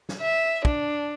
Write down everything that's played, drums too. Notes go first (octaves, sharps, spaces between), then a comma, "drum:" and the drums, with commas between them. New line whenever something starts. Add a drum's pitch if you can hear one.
drum: snare
E5
D4, drum: kick